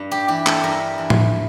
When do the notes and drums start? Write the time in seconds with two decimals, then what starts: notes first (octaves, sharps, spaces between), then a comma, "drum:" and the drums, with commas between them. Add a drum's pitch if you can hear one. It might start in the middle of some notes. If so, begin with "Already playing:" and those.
Already playing: G2
0.11 G4
0.28 E3 G4
0.47 A4, drum: clap
0.64 G2 A#4
0.98 E3
1.10 drum: tom A2